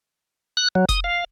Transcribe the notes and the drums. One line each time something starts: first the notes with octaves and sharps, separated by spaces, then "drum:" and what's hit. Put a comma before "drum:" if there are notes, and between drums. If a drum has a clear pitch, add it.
F#6
F#3
D#6, drum: kick F1, hi-hat
F5